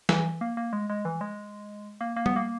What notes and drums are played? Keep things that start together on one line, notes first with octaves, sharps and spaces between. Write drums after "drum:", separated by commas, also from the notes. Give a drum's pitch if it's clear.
E3, drum: snare
A#3
A#3
G#3
G#3
E3
G#3
A#3
A#3
B3, drum: tom
A#3